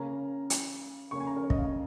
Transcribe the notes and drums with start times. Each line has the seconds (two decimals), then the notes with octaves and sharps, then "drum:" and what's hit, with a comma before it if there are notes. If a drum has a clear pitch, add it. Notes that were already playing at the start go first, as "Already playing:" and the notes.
Already playing: C#3 A#3 C#4 A#5
0.50 drum: hi-hat
1.11 C#3 A#3 C#4 C#6
1.20 G#5
1.27 A#5
1.36 A#4
1.43 C#5
1.50 D#5, drum: kick
1.58 F5